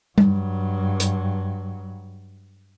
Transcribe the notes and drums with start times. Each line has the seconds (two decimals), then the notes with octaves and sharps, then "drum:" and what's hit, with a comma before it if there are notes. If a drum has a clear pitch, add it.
0.18 G2 F#3, drum: tom G3
1.00 drum: hi-hat